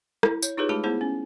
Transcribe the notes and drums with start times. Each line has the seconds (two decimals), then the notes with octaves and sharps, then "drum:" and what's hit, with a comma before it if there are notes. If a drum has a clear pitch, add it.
0.23 E4, drum: rim click
0.42 C#5, drum: tambourine
0.57 D#4 F4 G4 G#4 B4 C#5
0.69 G#3 A3 G4 A5 B5 D6
0.84 B3 E4 G#4 C5 A5
1.01 C#4